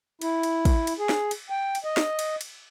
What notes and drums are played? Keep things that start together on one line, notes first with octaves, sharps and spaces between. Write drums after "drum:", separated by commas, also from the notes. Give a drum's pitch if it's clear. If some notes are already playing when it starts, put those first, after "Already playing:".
E4, drum: cymbal
drum: cymbal
drum: kick, cymbal
drum: cymbal
G#4
drum: snare
drum: cymbal
G5
drum: cymbal
D#5
drum: snare
drum: cymbal
drum: cymbal